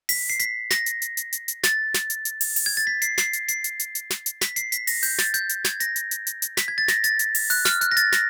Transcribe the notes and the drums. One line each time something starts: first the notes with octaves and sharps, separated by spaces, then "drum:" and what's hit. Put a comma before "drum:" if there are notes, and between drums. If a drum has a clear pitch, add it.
B6, drum: open hi-hat
C7
B6, drum: hi-hat
A#6, drum: snare
drum: hi-hat
drum: hi-hat
drum: hi-hat
drum: hi-hat
drum: hi-hat
A6, drum: snare
drum: snare
drum: hi-hat
drum: hi-hat
drum: open hi-hat
drum: open hi-hat
G#6
A6
B6
C7, drum: hi-hat
C7, drum: snare
drum: hi-hat
C7, drum: hi-hat
drum: hi-hat
drum: hi-hat
drum: hi-hat
drum: snare
drum: hi-hat
B6, drum: snare
C7, drum: hi-hat
B6, drum: hi-hat
A#6, drum: open hi-hat
G6, drum: open hi-hat
A6, drum: snare
G6, drum: hi-hat
drum: hi-hat
G#6, drum: snare
A#6, drum: hi-hat
drum: hi-hat
drum: hi-hat
drum: hi-hat
drum: hi-hat
B6, drum: snare
G#6
A6
A#6, drum: snare
A6, drum: hi-hat
drum: hi-hat
drum: open hi-hat
F#6, drum: open hi-hat
F6, drum: snare
F#6, drum: hi-hat
A#6
A6, drum: hi-hat
A#6, drum: snare